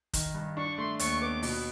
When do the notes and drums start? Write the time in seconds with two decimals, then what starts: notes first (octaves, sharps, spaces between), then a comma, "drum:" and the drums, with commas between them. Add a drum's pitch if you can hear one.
0.14 D#3, drum: kick, hi-hat
0.35 G2
0.56 D4 C#6
0.78 A3 C6
0.99 D#2 C#6, drum: hi-hat
1.21 B3 D6
1.43 B2, drum: open hi-hat